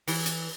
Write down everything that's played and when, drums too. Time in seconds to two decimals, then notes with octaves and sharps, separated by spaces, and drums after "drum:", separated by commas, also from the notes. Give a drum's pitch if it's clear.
0.07 E3, drum: open hi-hat
0.26 drum: hi-hat